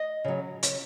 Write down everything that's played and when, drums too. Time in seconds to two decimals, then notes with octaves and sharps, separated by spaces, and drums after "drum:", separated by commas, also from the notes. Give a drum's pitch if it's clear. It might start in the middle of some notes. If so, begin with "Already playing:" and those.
Already playing: D#5
0.24 C#3 F#3
0.63 C#3, drum: hi-hat